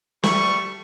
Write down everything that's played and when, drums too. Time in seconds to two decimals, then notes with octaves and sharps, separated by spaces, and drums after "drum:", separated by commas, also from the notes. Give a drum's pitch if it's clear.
0.23 G3 A3 C#6, drum: snare